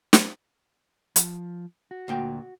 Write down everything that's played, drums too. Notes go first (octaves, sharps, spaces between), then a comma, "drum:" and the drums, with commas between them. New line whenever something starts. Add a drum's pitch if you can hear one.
drum: snare
F3, drum: hi-hat
F#4
D2 A#2 G5